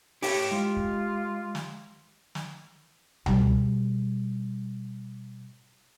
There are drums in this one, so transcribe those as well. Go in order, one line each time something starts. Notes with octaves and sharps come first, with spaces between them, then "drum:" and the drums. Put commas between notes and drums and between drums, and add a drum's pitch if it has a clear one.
E4 G4 C#5 A5, drum: open hi-hat
G#3 F4
drum: kick
drum: snare
drum: snare
B2 G3, drum: tom C#2